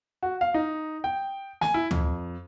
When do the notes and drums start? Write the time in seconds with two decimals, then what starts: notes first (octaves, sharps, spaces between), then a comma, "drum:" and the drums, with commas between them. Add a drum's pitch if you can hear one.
0.23 F#4
0.41 F5
0.54 D#4
1.04 G5
1.61 G#5, drum: snare
1.74 E4
1.91 F2, drum: tom D2